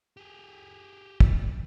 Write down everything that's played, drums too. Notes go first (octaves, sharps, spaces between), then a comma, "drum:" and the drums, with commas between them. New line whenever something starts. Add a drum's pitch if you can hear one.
G4 G#4
drum: kick